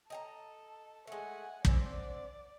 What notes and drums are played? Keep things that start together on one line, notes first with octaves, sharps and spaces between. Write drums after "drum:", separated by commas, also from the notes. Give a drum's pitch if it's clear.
A4 D#5 G5 A#5
G#3 A3 F#5 G#5
D3 C4 D5, drum: kick